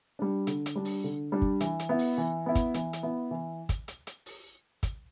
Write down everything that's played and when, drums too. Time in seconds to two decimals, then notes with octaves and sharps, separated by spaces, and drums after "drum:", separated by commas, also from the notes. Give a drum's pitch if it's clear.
0.19 G3 D4
0.47 D3, drum: hi-hat
0.66 drum: hi-hat
0.76 G3 D4
0.85 drum: open hi-hat
1.04 D3
1.32 G3 D4
1.42 drum: kick
1.61 E3, drum: hi-hat
1.80 drum: hi-hat
1.89 B3 E4
1.99 drum: open hi-hat
2.18 E3
2.46 B3 E4
2.55 drum: kick, hi-hat
2.74 E3, drum: hi-hat
2.93 drum: hi-hat
3.03 B3 E4
3.31 E3
3.69 drum: kick, hi-hat
3.88 drum: hi-hat
4.07 drum: hi-hat
4.26 drum: open hi-hat
4.83 drum: kick, hi-hat